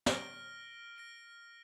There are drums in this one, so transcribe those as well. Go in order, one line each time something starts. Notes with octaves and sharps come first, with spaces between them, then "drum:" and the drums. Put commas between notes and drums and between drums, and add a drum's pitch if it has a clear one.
F6 A#6 D7 G7, drum: snare
F6 A#6 D7 G7